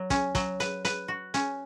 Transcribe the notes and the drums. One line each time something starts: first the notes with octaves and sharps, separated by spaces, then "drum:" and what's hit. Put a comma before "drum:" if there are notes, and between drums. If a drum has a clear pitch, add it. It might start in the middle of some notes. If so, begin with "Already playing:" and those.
Already playing: F#3
C#4, drum: kick, hi-hat
F#3, drum: kick, hi-hat
B4, drum: hi-hat
B4, drum: hi-hat
F#4
C#4, drum: hi-hat